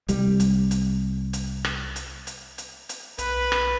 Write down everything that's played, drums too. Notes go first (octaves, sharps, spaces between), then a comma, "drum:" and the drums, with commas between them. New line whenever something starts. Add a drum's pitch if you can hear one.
C2 G3, drum: hi-hat
drum: hi-hat
drum: hi-hat
drum: hi-hat
drum: rim click
drum: hi-hat
drum: hi-hat
drum: hi-hat
drum: hi-hat
B1 B4, drum: hi-hat
drum: rim click